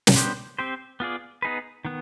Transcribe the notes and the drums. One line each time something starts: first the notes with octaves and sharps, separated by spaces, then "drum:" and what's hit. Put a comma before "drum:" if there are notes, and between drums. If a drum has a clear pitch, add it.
drum: snare
G3 B3 D4 G4 C5
C4 G4 C5
B3 F4 G#4 D5
B3 D#4 G#4 B4
D#3 B3